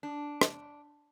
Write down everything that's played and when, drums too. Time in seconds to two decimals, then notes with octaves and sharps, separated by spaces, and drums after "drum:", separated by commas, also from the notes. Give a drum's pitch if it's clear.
0.03 D4
0.41 drum: rim click